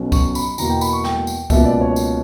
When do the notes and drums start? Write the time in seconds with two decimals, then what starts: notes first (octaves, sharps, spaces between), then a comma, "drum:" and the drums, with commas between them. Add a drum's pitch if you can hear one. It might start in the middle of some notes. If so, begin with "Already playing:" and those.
Already playing: B1 B2 F#3 C#4
0.12 C#6, drum: kick C2, tambourine
0.35 B5, drum: tambourine
0.58 E2 B2 A#3 A#5, drum: tambourine
0.70 G5
0.81 B5, drum: tambourine
0.93 C#6
1.04 G5, drum: snare
1.27 drum: tambourine
1.50 C#2 B2 A#3 E5, drum: kick C2, tambourine
1.65 D5
1.81 C#5
1.96 drum: tambourine